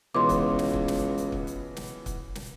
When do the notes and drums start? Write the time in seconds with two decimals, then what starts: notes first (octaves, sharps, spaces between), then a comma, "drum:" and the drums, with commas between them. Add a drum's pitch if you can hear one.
0.15 C#2 B2 E3 B3 C6 D6
0.29 drum: kick, hi-hat
0.59 drum: snare
0.73 drum: kick
0.88 drum: snare
1.18 drum: hi-hat
1.32 drum: kick
1.47 drum: hi-hat
1.76 drum: snare
2.06 drum: kick, hi-hat
2.35 drum: snare